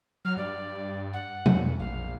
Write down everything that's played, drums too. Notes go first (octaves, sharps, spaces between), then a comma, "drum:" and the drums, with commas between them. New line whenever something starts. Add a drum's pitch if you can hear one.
F#3 F6
G2 D5
F#5
F2, drum: tom B2
A#1 F5